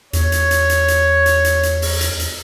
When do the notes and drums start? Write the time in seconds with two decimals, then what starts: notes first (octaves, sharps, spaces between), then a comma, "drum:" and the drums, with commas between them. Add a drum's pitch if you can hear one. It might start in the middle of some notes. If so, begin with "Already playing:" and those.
0.13 E2 C#5, drum: hi-hat
0.32 drum: hi-hat
0.51 drum: hi-hat
0.69 drum: hi-hat
0.88 drum: hi-hat
1.26 drum: hi-hat
1.45 drum: hi-hat
1.63 drum: hi-hat
1.82 drum: open hi-hat
2.01 drum: hi-hat
2.20 drum: hi-hat